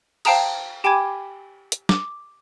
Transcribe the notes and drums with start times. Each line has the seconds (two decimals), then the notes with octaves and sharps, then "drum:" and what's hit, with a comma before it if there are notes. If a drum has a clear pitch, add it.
0.25 C5 F5 G5 A5 A#5 D#6, drum: cymbal
0.84 G4 G5 G#5 B5 D6 G#6
1.72 drum: hi-hat
1.89 D6, drum: snare